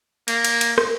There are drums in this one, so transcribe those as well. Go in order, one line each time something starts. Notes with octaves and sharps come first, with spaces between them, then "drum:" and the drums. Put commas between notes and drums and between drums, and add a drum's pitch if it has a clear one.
A#3, drum: cymbal
drum: cymbal
drum: cymbal
drum: rim click